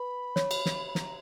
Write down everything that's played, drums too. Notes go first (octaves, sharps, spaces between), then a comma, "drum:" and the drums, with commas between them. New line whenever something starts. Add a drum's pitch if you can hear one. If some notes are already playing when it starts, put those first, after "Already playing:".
Already playing: B4 B5
C#5, drum: snare
drum: cymbal
drum: snare
B5
A#5, drum: snare